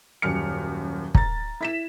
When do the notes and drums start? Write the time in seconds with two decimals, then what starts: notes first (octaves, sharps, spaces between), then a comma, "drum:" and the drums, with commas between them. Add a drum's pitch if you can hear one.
0.22 D#1 F#2 F6 C#7
1.15 A#5 A6, drum: kick
1.61 E4 B6 E7